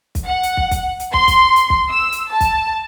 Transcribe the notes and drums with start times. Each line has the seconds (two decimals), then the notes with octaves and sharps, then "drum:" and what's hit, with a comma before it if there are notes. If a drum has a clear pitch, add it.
0.15 drum: kick, hi-hat
0.26 F#5
0.43 drum: hi-hat
0.57 drum: kick
0.71 drum: kick, hi-hat
1.00 drum: hi-hat
1.14 C6, drum: kick
1.28 drum: kick, hi-hat
1.56 drum: hi-hat
1.70 drum: kick
1.90 E6
2.12 drum: hi-hat
2.31 A5
2.41 drum: kick, hi-hat